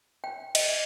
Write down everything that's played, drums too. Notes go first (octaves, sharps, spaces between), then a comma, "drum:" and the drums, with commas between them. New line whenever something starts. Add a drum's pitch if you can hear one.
G5
D#5, drum: cymbal